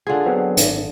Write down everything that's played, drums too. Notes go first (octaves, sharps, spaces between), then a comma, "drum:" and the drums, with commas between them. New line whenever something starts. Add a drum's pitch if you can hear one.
D3 D4 F4 G#4 G#6
F#3 B3 C4
G#1, drum: hi-hat